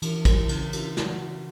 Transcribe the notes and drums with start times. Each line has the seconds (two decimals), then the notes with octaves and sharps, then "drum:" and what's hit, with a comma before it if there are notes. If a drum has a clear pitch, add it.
0.02 E3, drum: cymbal
0.25 drum: kick, cymbal
0.49 C#3, drum: cymbal
0.73 drum: cymbal
0.97 F#4, drum: snare